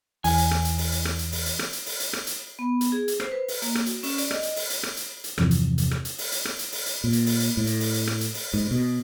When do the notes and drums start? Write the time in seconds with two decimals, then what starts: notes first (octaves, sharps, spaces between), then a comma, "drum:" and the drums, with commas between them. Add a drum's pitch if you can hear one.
0.24 E2 E3 G#5, drum: open hi-hat
0.38 drum: hi-hat
0.51 drum: rim click
0.65 drum: hi-hat
0.78 drum: open hi-hat
0.92 drum: hi-hat
1.05 drum: rim click
1.19 drum: hi-hat
1.32 drum: open hi-hat
1.46 drum: hi-hat
1.59 drum: rim click
1.73 drum: hi-hat
1.86 drum: open hi-hat
2.00 drum: hi-hat
2.13 drum: rim click
2.27 drum: hi-hat
2.59 B3
2.81 drum: hi-hat
2.92 G#4
3.08 drum: hi-hat
3.20 C5, drum: rim click
3.32 B4
3.48 drum: open hi-hat
3.62 A#3, drum: hi-hat
3.75 drum: rim click
3.86 F#4, drum: hi-hat
4.03 C#4, drum: open hi-hat
4.18 D5, drum: hi-hat
4.31 D#5, drum: rim click
4.43 drum: hi-hat
4.56 drum: open hi-hat
4.70 drum: hi-hat
4.83 drum: rim click
4.97 drum: hi-hat
5.24 drum: hi-hat
5.38 E2 G2 C3 E3 F3, drum: rim click
5.51 drum: hi-hat
5.78 drum: hi-hat
5.91 drum: rim click
6.05 drum: hi-hat
6.18 drum: open hi-hat
6.32 drum: hi-hat
6.45 drum: rim click
6.59 drum: hi-hat
6.72 drum: open hi-hat
6.86 drum: hi-hat
7.04 A#2
7.13 drum: hi-hat
7.26 drum: open hi-hat
7.40 drum: hi-hat
7.57 A2
7.67 drum: hi-hat
7.80 drum: open hi-hat
7.94 drum: hi-hat
8.07 drum: rim click
8.21 drum: hi-hat
8.34 drum: open hi-hat
8.54 G#2
8.71 B2